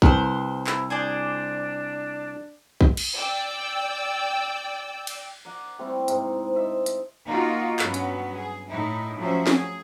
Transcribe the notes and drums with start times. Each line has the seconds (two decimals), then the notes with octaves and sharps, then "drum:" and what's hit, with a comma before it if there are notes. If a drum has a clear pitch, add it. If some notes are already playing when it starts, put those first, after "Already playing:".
0.02 C2 B4 C5, drum: kick
0.67 E4, drum: clap
0.90 D4 G#4 C5 D5
2.81 drum: kick
2.97 drum: cymbal
3.16 D5 G5 E6
5.07 drum: cymbal
5.45 A#4 D5 F#5
5.79 G3 A3 C4 E4
6.08 G#2 C3, drum: hi-hat
6.54 A4 C5 D#5 E5
6.86 drum: hi-hat
7.25 A#3 D#4 F4 F#4
7.79 G2 F#3 B3 C#4 F#4, drum: clap
7.94 drum: hi-hat
8.33 G#4
8.68 A2 D#4 E4
9.17 F3 F#3 A3 C#4 C5 E5
9.47 G#4, drum: snare